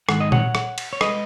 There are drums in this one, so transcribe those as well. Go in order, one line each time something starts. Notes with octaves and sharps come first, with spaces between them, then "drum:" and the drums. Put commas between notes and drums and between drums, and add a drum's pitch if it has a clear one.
G#2 D#3 G#3 F#5, drum: rim click
D#5
C#5 F#5, drum: tom A#2
drum: rim click
drum: cymbal
C#5
G#3 B4 D#5, drum: rim click